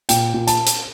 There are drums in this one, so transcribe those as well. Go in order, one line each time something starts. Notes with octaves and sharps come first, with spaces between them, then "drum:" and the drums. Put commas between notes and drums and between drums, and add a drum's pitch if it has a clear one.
A#2 G5, drum: hi-hat
A#2
A5, drum: hi-hat
drum: hi-hat